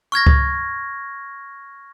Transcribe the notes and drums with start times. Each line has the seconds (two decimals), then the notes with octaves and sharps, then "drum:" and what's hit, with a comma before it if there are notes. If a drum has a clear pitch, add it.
0.12 C#6 F6 G#6 A#6
0.27 drum: kick C#2